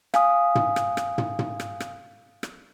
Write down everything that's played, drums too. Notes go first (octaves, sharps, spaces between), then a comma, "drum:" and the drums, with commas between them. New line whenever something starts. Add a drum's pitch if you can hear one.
F5 G#5 D#6, drum: rim click
drum: tom
drum: rim click
drum: rim click
drum: tom
drum: tom
drum: rim click
drum: rim click
drum: rim click